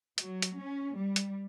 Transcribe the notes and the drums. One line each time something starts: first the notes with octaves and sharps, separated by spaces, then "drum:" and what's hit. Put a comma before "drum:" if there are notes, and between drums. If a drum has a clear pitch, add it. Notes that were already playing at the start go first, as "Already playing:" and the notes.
F#3, drum: hi-hat
drum: hi-hat
C#4
G3
drum: hi-hat